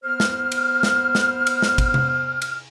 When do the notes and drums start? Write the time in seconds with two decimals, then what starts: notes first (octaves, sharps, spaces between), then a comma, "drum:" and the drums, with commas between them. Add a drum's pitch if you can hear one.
0.04 B3 C5 F6
0.20 drum: snare
0.52 drum: cymbal
0.83 drum: snare
1.15 drum: snare
1.47 drum: cymbal
1.62 drum: snare
1.78 drum: kick, cymbal
1.94 drum: tom C3
2.42 drum: cymbal